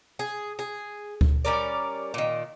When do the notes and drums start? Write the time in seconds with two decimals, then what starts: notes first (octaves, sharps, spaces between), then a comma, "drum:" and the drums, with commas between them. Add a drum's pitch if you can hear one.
0.19 G#4
0.59 G#4
1.21 drum: kick D2
1.45 G3 C#4 A#4 D5
2.14 A#2 D#3